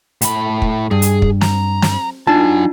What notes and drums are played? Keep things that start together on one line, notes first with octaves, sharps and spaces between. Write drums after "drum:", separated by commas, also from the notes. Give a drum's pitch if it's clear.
A2 B5, drum: hi-hat
drum: kick
G2 G#4
drum: hi-hat
drum: kick
A#5, drum: snare
drum: snare
F#3 D4 D#4 F4 G#5 A5